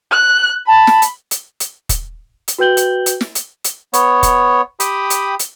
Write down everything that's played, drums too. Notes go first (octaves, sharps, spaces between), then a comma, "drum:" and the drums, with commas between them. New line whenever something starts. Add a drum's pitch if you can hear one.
F#6
A5 B5
drum: snare
drum: hi-hat
drum: hi-hat
drum: hi-hat
drum: kick, hi-hat
drum: hi-hat
F#4 B4 G5 G6 F#7 G7
drum: hi-hat
drum: hi-hat
drum: snare
drum: hi-hat
drum: hi-hat
B3 C#5, drum: hi-hat
drum: kick, hi-hat
G4 G5 B5 D#6, drum: hi-hat
drum: hi-hat
drum: hi-hat